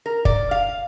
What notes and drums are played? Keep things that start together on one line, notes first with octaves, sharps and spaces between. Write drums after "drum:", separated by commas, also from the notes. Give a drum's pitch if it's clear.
A#4
D5, drum: kick
F5